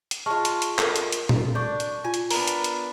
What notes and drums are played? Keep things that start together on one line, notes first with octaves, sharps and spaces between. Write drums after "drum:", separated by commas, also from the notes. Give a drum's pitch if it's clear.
drum: hi-hat
G#3 F4 A5 C#6 F6
drum: hi-hat
drum: hi-hat
A4 A#4, drum: clap
drum: hi-hat
drum: hi-hat
drum: tom A#2
D4 C#6 D6 G6
drum: hi-hat
F4 G#5
drum: hi-hat
B3 D4 A#4, drum: open hi-hat
drum: hi-hat
drum: hi-hat